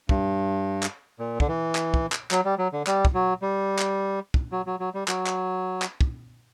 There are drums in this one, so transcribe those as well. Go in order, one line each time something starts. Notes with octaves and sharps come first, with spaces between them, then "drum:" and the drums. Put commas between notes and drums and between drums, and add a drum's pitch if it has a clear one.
G2, drum: kick
drum: clap
A#2
D3, drum: kick
E3
drum: clap
drum: kick
drum: clap
F#3, drum: clap
G3
F#3
D3
G3, drum: clap
drum: kick
F#3
G3
drum: clap
drum: kick
F#3
F#3
F#3
G3
F#3, drum: clap
drum: clap
drum: clap
drum: kick